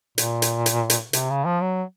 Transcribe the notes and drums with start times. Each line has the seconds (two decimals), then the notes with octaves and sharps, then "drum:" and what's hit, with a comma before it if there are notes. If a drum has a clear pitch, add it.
0.18 A#2, drum: hi-hat
0.42 drum: hi-hat
0.66 drum: hi-hat
0.90 drum: hi-hat
1.13 C3, drum: hi-hat
1.30 C#3
1.45 F3
1.61 F#3